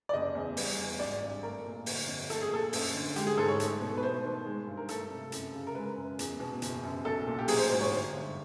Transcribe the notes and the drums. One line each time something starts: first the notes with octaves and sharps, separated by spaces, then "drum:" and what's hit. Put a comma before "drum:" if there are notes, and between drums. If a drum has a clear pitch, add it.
D5
F#1 D#5
E2
G3, drum: open hi-hat
E2
G#1 D5
G2
A3 A#4
A#2
G1, drum: open hi-hat
F2
A3 A4, drum: hi-hat
G#4
A#2 A4
F#2, drum: open hi-hat
D3
G#3 G4, drum: hi-hat
G#4
G#2 A4
C#5
A3, drum: hi-hat
B2
B4
A3 C5
D#3
G#3
G2
A#4
A3 A4, drum: hi-hat
C3
F#2, drum: hi-hat
C#3
A#4
G#3 B4
F#2
E2, drum: hi-hat
B2
F#1, drum: hi-hat
F#2
B1 A4
A#2
G4
F#3 G#4, drum: open hi-hat
C5
G#2 C5
C#5
G1
G2